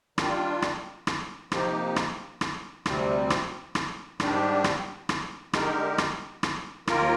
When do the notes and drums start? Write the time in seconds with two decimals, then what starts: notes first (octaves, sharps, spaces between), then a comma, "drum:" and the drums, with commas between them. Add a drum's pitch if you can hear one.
0.18 D#3 G3 D4 F4, drum: rim click
0.62 drum: rim click
1.07 drum: rim click
1.52 C3 F3 A#3 D#4 G4, drum: rim click
1.96 drum: rim click
2.41 drum: rim click
2.86 D2 C3 G3 C4, drum: rim click
3.30 drum: rim click
3.75 drum: rim click
4.20 G#2 D#3 G3 D4 G4, drum: rim click
4.64 drum: rim click
5.09 drum: rim click
5.53 D3 G#3 D#4 G4 A#4, drum: rim click
5.98 drum: rim click
6.43 drum: rim click
6.87 D#2 D#3 A#3 F4 A#4, drum: rim click